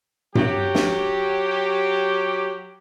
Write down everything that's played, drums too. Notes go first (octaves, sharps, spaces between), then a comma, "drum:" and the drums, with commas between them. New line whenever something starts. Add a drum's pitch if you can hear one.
F#3 G4, drum: tom G2
drum: snare